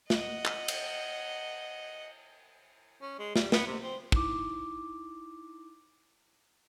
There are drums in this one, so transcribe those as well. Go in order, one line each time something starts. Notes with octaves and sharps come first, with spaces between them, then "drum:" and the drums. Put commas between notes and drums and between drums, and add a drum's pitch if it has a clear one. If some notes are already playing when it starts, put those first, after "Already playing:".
D#5 F#5, drum: snare
drum: clap
drum: cymbal
C#4
G#3
G3, drum: snare
B3, drum: snare
C3
C4
D#4 E4 D6, drum: kick